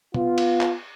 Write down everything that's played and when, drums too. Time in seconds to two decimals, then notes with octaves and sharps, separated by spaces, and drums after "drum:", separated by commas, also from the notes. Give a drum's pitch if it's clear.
0.14 B3 F4, drum: tom B2
0.38 drum: cymbal
0.61 drum: clap